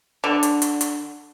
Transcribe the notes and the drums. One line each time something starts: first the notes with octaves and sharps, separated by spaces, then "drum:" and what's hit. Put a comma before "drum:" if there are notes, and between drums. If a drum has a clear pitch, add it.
D3
drum: hi-hat
drum: hi-hat
drum: hi-hat